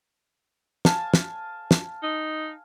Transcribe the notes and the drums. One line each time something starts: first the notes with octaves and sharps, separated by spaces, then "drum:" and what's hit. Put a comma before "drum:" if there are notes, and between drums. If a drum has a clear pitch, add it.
F5 G#5 A5, drum: snare
drum: snare
drum: snare
D#4